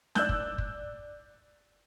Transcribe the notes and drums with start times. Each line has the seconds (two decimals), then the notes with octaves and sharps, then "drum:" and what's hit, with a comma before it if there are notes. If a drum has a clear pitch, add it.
0.15 D5 E6 F#6 G6, drum: snare
0.29 drum: kick
0.58 drum: kick